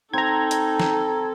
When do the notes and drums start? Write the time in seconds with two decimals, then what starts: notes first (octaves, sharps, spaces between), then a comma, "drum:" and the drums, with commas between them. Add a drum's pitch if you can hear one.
0.14 C4 D#4 A4 A#5 G#6
0.51 drum: hi-hat
0.80 drum: snare